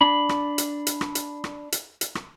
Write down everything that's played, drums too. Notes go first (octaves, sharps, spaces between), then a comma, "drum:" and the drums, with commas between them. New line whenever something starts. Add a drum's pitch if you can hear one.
D4 B5
drum: rim click
drum: hi-hat
drum: hi-hat
drum: rim click
drum: hi-hat
drum: rim click
drum: hi-hat
drum: hi-hat
drum: rim click